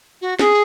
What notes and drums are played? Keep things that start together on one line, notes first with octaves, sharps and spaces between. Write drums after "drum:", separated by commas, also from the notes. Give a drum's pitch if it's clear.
F#4
G#4, drum: snare